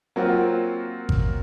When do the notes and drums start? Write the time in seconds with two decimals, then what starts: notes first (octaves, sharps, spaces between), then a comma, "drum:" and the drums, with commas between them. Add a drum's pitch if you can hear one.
0.16 F#3 A#3 C4 F4 F#4
1.09 drum: kick G#1